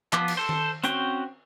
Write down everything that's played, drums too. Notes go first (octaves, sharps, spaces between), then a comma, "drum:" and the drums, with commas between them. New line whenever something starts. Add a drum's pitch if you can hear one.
F3 B3 D6, drum: clap
drum: cymbal
A4 C5
drum: tom D#3
C4 C#4 F#4 G5, drum: hi-hat